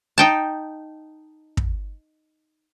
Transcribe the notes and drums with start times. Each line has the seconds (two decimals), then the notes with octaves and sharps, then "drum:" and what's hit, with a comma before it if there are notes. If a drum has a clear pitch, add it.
0.18 D#4 G5 A5
1.57 drum: kick